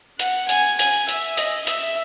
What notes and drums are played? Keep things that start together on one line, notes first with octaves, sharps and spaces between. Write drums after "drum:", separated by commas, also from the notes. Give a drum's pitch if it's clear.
F#5, drum: hi-hat
G#5, drum: hi-hat
G#5, drum: hi-hat
E5, drum: hi-hat
D#5, drum: hi-hat
E5, drum: hi-hat